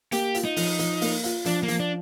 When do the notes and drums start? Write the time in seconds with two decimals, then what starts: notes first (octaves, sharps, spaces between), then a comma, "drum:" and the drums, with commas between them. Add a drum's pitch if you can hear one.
0.12 A#3 G4, drum: hi-hat
0.34 F4, drum: hi-hat
0.45 D#4
0.56 F3, drum: open hi-hat
0.79 F3, drum: hi-hat
1.01 A#3, drum: open hi-hat
1.24 F4, drum: hi-hat
1.45 F3 D4, drum: hi-hat
1.63 A#3
1.68 F3, drum: hi-hat
1.80 D4